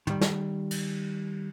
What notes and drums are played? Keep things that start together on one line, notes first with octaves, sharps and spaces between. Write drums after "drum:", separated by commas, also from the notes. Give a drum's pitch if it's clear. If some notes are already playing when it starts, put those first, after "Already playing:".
D#3 G3, drum: tom
drum: snare
drum: cymbal